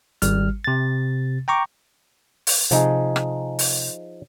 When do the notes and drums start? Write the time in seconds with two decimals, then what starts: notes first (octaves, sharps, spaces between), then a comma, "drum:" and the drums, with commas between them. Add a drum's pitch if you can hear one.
0.22 G#1 G3 F6, drum: hi-hat
0.64 C3 A6
1.48 G5 A#5 C#6 D6
2.47 drum: open hi-hat
2.71 C3 F3 D#4 G#4, drum: hi-hat
3.16 drum: rim click
3.59 drum: open hi-hat